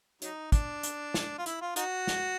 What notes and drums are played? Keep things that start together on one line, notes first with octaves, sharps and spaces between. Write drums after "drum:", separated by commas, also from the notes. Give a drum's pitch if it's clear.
F#3 D#4, drum: hi-hat
D4, drum: kick, hi-hat
drum: hi-hat
drum: snare
F4
E4, drum: hi-hat
F4
D#4 F#4, drum: hi-hat
drum: snare